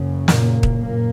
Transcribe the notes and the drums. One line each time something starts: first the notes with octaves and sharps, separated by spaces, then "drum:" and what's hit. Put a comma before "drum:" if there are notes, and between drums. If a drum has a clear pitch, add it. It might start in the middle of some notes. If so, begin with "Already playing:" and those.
Already playing: F#1 F#2 C#3
A#2 A#3, drum: snare
drum: kick
F#1 A#2 A#3